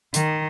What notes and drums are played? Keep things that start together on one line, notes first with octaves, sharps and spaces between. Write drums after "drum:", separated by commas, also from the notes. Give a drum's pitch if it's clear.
D#3, drum: hi-hat